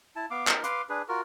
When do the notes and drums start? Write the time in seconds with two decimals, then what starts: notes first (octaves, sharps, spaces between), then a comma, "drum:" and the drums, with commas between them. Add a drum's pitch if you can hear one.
0.16 E4 A5
0.31 B3 F5 D6
0.47 D#4 A#4, drum: clap
0.64 B4 F5 C6 D6, drum: hi-hat
0.89 D4 G#4 B4
1.09 F4 F#4 A#4